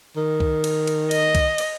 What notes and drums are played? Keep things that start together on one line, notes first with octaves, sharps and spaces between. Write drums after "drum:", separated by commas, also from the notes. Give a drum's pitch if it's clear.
D#3
drum: kick C2
drum: cymbal
drum: cymbal
D#5, drum: cymbal
drum: kick C2, cymbal
drum: cymbal